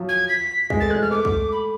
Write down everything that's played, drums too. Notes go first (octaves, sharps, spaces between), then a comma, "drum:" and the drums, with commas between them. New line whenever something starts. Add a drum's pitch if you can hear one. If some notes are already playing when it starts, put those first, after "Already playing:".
Already playing: F3 F#3
G#6
B6
G#3, drum: kick
A3 A6
F#6
G#3
F6
A3 D6
drum: kick
B5